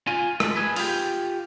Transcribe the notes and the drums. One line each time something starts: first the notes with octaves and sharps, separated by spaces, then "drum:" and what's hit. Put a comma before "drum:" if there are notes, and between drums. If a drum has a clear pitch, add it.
F4 G#5
G#3 A3, drum: rim click
G#4 B4
F4 G4, drum: open hi-hat